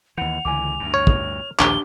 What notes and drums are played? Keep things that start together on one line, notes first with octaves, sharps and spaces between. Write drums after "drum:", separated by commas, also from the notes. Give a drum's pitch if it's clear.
D#2 E3 F#5 G6 C#7 F7
C#2 D3 E3 G#5 D6
D2 G2
C#5 F6
drum: kick
A#1 D#2 D4 G4 G7, drum: clap